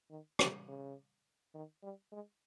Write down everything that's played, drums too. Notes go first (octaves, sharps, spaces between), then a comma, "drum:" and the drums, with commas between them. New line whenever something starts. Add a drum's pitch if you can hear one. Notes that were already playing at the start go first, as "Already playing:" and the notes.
D#3
C3, drum: rim click
C#3
D#3
G3
G#3